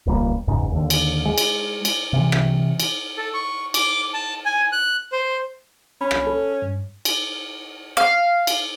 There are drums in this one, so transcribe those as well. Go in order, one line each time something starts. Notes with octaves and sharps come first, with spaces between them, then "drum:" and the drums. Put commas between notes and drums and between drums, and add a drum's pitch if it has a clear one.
D#1 C#2 G3 A#3
F#1 E2 G#2 C#3
D#2 D3
drum: cymbal
G#3
drum: cymbal
drum: cymbal
C3 E3
drum: rim click
drum: cymbal
A4
C#6
D6, drum: cymbal
A5
G#5
F#6
C5
C#4 B5
drum: rim click
A4
G2
drum: cymbal
F5
drum: cymbal